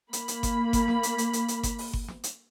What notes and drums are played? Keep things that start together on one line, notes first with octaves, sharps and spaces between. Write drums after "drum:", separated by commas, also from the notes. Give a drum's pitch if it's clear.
A#3 B5, drum: hi-hat
drum: hi-hat
drum: kick G1, hi-hat
drum: kick G1, hi-hat
drum: snare
drum: hi-hat
drum: hi-hat
drum: hi-hat
drum: hi-hat
drum: kick G1, hi-hat
drum: open hi-hat
drum: kick G1
drum: snare
drum: hi-hat